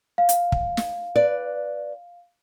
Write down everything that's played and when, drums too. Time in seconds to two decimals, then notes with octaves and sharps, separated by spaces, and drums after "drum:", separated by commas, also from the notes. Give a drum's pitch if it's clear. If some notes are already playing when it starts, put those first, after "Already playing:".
0.18 F5
0.29 drum: hi-hat
0.52 drum: kick
0.77 drum: snare
1.16 B4 D5